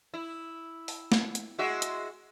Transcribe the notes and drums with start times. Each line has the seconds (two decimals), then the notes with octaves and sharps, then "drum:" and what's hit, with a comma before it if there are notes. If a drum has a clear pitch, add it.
0.14 E4
0.88 drum: open hi-hat
1.12 drum: snare
1.35 drum: hi-hat
1.59 G#3 F#4 E5
1.82 drum: hi-hat